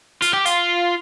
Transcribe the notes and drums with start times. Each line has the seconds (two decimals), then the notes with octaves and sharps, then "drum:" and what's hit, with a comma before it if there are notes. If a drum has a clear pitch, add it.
0.22 F4, drum: hi-hat
0.34 G4
0.46 F4, drum: hi-hat